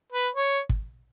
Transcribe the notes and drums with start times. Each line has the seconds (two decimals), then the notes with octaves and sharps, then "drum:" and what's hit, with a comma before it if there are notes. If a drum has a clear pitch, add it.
0.12 B4
0.35 C#5
0.69 drum: kick